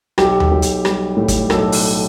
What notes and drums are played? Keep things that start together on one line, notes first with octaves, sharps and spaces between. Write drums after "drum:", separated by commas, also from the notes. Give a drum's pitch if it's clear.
B1 G4, drum: rim click
drum: tom D#2
B1
drum: hi-hat
G3, drum: rim click
A2
drum: kick, hi-hat
B1 A4, drum: rim click
drum: open hi-hat